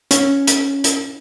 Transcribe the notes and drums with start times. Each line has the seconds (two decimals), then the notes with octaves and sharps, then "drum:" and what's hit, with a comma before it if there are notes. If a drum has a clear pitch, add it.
0.11 C#4, drum: hi-hat
0.47 drum: hi-hat
0.84 drum: hi-hat